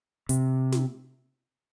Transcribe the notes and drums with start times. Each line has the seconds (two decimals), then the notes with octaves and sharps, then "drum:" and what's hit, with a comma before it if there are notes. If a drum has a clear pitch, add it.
0.29 C3, drum: hi-hat
0.72 drum: snare